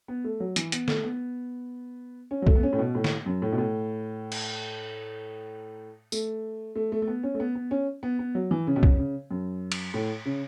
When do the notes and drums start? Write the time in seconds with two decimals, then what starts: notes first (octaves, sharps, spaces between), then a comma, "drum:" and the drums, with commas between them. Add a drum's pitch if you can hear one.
0.08 B3
0.24 A3
0.40 F#3
0.56 E3, drum: hi-hat
0.72 B3, drum: hi-hat
0.88 A3, drum: snare
1.04 B3
2.31 C#4
2.42 F#3
2.47 A3, drum: kick
2.55 B3
2.63 C#4
2.73 A2
2.79 B2
2.95 A2
3.04 drum: snare
3.26 F#2
3.42 A2
3.52 B2
3.58 A2
4.32 drum: cymbal
6.12 A3, drum: tambourine
6.76 A3
6.92 A3
7.02 A3
7.07 B3
7.23 C#4
7.35 A3
7.40 B3
7.55 B3
7.71 C#4
8.03 B3
8.19 B3
8.35 F#3
8.51 E3
8.67 C#3
8.76 B2
8.83 C#3, drum: kick
8.98 C#3
9.31 F#2
9.72 drum: cymbal
9.94 A2
10.25 C#3